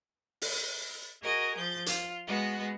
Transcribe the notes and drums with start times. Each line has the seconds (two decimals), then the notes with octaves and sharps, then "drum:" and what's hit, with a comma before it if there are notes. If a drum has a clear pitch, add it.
0.42 drum: open hi-hat
1.22 F#4 G#4 A#4 D#5
1.56 F3 G6 A6
1.86 F4, drum: hi-hat
2.27 G#3 B3 F#4